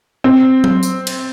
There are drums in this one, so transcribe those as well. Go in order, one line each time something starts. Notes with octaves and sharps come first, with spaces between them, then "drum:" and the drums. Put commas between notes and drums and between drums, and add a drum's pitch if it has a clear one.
C4
drum: tom F#3
drum: tambourine
drum: cymbal